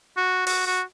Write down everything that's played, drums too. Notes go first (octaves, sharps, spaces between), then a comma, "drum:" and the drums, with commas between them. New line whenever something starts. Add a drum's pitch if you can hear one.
F#4
F#4, drum: open hi-hat
F#4